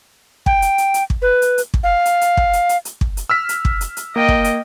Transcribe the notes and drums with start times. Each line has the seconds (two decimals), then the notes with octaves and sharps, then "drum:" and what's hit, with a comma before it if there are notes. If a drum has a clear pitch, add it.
0.46 G5, drum: kick
0.62 drum: hi-hat
0.78 drum: hi-hat
0.94 drum: hi-hat
1.10 drum: kick
1.22 B4
1.42 drum: hi-hat
1.58 drum: hi-hat
1.74 drum: kick
1.83 F5
2.05 drum: hi-hat
2.21 drum: hi-hat
2.37 drum: kick
2.53 drum: hi-hat
2.69 drum: hi-hat
2.85 drum: hi-hat
3.01 drum: kick
3.17 drum: hi-hat
3.30 E6 F6 B6
3.49 drum: hi-hat
3.65 drum: kick
3.81 drum: hi-hat
3.97 drum: hi-hat
4.16 A#3 D#5 G5
4.28 drum: kick
4.44 drum: hi-hat